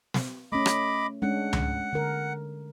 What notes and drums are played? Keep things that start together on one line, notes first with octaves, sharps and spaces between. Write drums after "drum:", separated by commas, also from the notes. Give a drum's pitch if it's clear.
drum: snare
A3 C#4 D#5 B5 D6
drum: rim click
G#3 C#4 D4 F#5
drum: tom C#2
D3 A#4